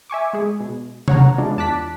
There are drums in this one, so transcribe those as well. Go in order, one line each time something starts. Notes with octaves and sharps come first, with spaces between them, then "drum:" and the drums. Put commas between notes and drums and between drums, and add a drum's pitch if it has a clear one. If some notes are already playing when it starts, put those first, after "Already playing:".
E5 G#5 C#6 D6
G#3 G#4
B2
C#5 F#5 A#5, drum: tom C3
E3 G#3 D4 F4
E2 A5 D6 F#6 B6